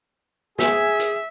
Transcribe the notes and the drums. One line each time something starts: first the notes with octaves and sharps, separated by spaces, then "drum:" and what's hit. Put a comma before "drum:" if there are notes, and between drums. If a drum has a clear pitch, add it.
G#4 E5, drum: snare
drum: hi-hat